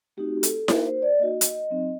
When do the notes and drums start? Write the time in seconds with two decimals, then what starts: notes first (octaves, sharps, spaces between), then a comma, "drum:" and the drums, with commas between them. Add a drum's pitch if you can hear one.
0.17 A3 C4 D#4 F#4 G4
0.43 A4, drum: hi-hat
0.68 A#3 D#4 F#4 A#4, drum: snare E4
0.85 C5
1.02 D5
1.19 A#3 D#4 F#4 D#5
1.41 drum: hi-hat
1.70 F#3 C4 D#4